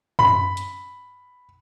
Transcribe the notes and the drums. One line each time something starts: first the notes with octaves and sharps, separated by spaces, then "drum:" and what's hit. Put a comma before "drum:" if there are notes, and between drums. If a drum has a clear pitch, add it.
B5, drum: tom F#2
drum: hi-hat